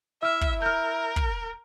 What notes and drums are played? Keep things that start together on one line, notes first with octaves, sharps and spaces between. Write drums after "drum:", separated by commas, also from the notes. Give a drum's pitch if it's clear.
E4 E5 E6 F6
drum: kick
A#4 F6 G6
drum: kick